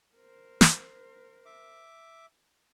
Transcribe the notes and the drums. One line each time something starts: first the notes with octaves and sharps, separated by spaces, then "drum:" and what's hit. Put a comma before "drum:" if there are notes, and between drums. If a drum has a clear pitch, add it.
A#4 C5
drum: snare
E5 D6